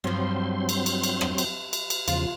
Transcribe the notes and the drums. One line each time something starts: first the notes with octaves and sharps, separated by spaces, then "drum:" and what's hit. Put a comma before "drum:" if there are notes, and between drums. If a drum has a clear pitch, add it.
G2 F3 F#3 C4 C6
drum: cymbal
drum: cymbal
drum: cymbal
drum: rim click
drum: cymbal
drum: cymbal
drum: cymbal
E2 C#3 F3 F4, drum: cymbal